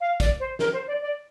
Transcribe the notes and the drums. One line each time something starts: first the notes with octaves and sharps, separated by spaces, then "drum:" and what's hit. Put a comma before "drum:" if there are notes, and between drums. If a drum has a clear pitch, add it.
F5
D5, drum: kick, hi-hat
C5
A#4, drum: snare
C5
D5
D5